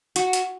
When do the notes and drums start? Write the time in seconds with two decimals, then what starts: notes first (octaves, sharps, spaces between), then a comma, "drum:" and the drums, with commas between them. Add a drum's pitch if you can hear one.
0.16 F#4, drum: hi-hat
0.33 drum: hi-hat